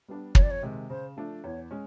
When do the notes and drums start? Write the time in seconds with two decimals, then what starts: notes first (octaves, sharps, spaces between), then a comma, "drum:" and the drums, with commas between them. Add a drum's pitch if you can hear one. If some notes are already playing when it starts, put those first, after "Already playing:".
0.08 G3 B3 D4
0.35 F2 C#5, drum: kick
0.43 D5
0.51 C#5
0.62 C3 D#3 G#3
0.90 C#3 C5
1.16 F3 A3 D4
1.44 E2 C#5
1.71 G#3 C#4